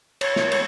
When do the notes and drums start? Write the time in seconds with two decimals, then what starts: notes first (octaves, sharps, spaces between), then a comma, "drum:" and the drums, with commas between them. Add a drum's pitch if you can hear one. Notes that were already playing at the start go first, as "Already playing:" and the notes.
0.21 C#5, drum: cymbal
0.36 drum: snare
0.52 drum: cymbal